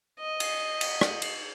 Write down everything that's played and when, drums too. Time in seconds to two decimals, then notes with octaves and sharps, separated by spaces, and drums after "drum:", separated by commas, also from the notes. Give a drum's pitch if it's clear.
0.20 D#5
0.40 drum: cymbal
0.81 drum: cymbal
1.01 drum: rim click
1.22 drum: cymbal